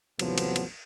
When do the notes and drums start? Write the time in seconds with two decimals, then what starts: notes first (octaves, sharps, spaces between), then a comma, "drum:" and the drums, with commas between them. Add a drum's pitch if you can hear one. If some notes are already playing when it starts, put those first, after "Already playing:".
0.19 A1 E2 C3 F3 F#3 B3, drum: cymbal
0.38 drum: cymbal
0.56 drum: cymbal